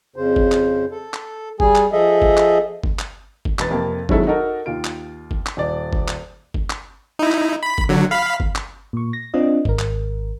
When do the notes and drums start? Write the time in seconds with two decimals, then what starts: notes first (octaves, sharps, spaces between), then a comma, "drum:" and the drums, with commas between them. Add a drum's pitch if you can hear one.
0.16 F2 C#3 C5
0.36 drum: kick G1
0.52 drum: clap
0.91 A4
1.14 drum: clap
1.60 G3 G#4 G#5, drum: kick G1
1.75 drum: clap
1.92 F3 G#4 A4 D#5 E5
2.22 drum: kick G1
2.37 drum: clap
2.84 drum: kick G1
2.99 drum: clap
3.45 drum: kick G1
3.59 E1 B4 A6, drum: clap
3.70 F2 C3 A#3
4.09 D#3 F#3 G#3 C4 E4 A4, drum: kick G1
4.27 D#4 F#4 A4 A#4
4.66 D#2 F4 D7
4.84 drum: clap
5.31 drum: kick G1
5.46 drum: clap
5.57 D#1 D5
5.93 drum: kick G1
6.08 drum: clap
6.54 drum: kick G1
6.70 drum: clap
7.19 D#4 E4
7.32 drum: clap
7.63 B5
7.78 drum: kick G1
7.89 D3 F#3
8.11 F5 B5
8.40 drum: kick G1
8.55 drum: clap
8.93 A#2 C#6
9.13 A#6
9.34 C4 D4 F4 D#5
9.65 G#1 A#4, drum: kick G1
9.79 drum: clap